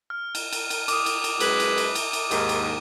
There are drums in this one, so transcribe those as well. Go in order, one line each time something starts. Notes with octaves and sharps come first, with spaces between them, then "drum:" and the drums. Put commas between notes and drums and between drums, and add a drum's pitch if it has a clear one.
F6
drum: cymbal
drum: cymbal
drum: cymbal
D6 D#6, drum: cymbal
drum: cymbal
drum: cymbal
F#2 G#3 B4, drum: cymbal
drum: cymbal
drum: cymbal
drum: cymbal
drum: cymbal
D#2 G#2, drum: cymbal
drum: cymbal